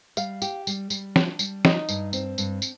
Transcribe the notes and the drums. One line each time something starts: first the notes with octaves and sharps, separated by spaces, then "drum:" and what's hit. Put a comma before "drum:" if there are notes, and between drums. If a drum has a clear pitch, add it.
G3 F5, drum: tambourine
G4, drum: tambourine
G3, drum: tambourine
G3, drum: tambourine
D4, drum: snare
G3, drum: tambourine
D#4 D#5, drum: snare
G2, drum: tambourine
C4, drum: tambourine
G2, drum: tambourine
drum: tambourine